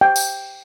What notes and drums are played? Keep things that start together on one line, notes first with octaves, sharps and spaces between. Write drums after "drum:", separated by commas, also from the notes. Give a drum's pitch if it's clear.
G5
drum: tambourine